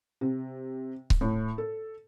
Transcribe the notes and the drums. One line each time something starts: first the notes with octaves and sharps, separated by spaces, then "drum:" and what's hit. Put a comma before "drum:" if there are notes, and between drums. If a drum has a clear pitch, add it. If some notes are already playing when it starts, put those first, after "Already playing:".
C3
drum: kick C#1
A2
A4